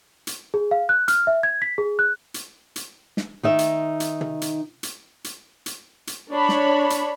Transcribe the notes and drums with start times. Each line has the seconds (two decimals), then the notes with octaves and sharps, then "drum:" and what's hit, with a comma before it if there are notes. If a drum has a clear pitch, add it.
0.27 drum: hi-hat
0.54 G#4
0.71 F5
0.89 F#6
1.08 F6, drum: hi-hat
1.27 E5
1.43 G#6
1.62 B6
1.78 G#4
1.99 F#6
2.34 drum: hi-hat
2.76 drum: hi-hat
3.17 drum: snare
3.43 D#3 D#4 E5
3.59 drum: hi-hat
4.00 drum: hi-hat
4.21 drum: tom
4.41 drum: hi-hat
4.83 drum: hi-hat
5.24 drum: hi-hat
5.66 drum: hi-hat
6.07 drum: hi-hat
6.31 D4 C#5 B5
6.49 drum: snare
6.90 drum: hi-hat